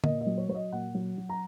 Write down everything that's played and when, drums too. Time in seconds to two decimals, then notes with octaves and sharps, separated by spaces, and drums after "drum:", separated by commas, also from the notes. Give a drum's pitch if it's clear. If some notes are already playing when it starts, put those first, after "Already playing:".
0.04 A#2 D#5, drum: tom
0.21 D#5
0.26 F#3
0.38 C#5
0.49 F#3 C#5
0.55 D#5
0.72 A#2 F#5
0.95 F#3
1.18 F#3
1.29 A#5